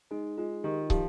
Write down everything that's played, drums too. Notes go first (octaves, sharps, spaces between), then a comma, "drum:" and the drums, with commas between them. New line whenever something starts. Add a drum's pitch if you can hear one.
G#3 D#4
G#3 F4
D#3 G4
F3 G4, drum: kick